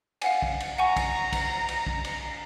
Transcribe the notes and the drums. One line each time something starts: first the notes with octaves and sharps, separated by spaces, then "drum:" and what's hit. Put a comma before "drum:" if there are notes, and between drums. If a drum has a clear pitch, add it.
F5 F#5 G#5, drum: cymbal
drum: kick
drum: cymbal
F#5 G#5 A#5 C#6
drum: kick, cymbal
drum: kick, cymbal
drum: cymbal
drum: kick
drum: cymbal